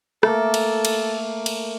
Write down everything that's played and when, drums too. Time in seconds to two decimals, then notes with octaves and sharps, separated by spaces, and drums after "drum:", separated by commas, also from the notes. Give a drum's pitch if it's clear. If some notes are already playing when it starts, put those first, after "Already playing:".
0.23 A3 A#3 A4, drum: rim click
0.54 drum: cymbal
0.85 drum: cymbal
1.46 drum: cymbal